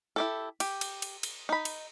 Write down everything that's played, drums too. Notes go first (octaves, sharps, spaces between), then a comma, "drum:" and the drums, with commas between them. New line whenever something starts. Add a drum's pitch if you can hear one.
E4 G4 A4
G4, drum: cymbal
drum: cymbal
drum: cymbal
drum: cymbal
D#4 B5
drum: cymbal